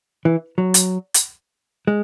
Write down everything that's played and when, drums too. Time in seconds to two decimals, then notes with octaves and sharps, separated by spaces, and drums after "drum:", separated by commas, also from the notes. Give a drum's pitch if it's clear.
0.25 E3
0.58 F#3
0.74 drum: hi-hat
1.14 drum: hi-hat
1.87 G#3